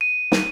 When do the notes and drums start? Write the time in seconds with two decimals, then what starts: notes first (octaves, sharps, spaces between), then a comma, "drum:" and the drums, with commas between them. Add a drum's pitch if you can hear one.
0.01 D#7
0.32 drum: snare